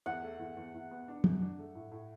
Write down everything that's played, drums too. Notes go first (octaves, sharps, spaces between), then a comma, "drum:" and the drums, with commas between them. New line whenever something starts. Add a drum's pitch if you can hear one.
E2 F#5
A3
E2
E2
E2
B3
D4
F#2, drum: tom
D4
A3
A2
A2